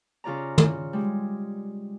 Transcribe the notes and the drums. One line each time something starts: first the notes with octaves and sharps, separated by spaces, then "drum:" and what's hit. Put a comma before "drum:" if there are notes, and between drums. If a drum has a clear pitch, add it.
C#3 F4 D5 A#5
drum: tom
G3 G#3